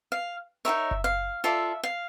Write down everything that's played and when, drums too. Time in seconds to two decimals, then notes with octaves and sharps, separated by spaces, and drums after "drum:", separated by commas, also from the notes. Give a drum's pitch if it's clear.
0.12 F5
0.65 D#4 F#4 A#4 C#5 E5
0.91 drum: kick F#1
1.04 F5
1.44 F4 A4 D5 E5
1.84 F5